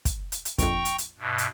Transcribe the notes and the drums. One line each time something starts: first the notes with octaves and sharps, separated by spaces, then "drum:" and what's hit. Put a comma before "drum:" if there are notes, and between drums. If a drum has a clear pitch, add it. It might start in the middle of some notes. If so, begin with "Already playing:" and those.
drum: kick, hi-hat
drum: hi-hat
drum: hi-hat
A#1 F2 G5 A#5 C#6, drum: kick, hi-hat
drum: hi-hat
drum: hi-hat
G2 B2
drum: hi-hat